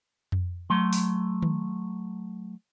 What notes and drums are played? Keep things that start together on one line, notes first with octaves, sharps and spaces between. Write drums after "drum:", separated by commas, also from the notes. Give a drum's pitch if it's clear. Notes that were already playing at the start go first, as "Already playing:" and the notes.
drum: tom F2
F#3 A3 C6
drum: open hi-hat
drum: tom D#3